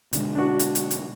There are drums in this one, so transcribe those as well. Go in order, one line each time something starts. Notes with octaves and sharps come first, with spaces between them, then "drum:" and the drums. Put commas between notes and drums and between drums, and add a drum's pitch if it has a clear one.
B2 D3 G#3, drum: hi-hat
D4 F#4
drum: hi-hat
drum: hi-hat
drum: hi-hat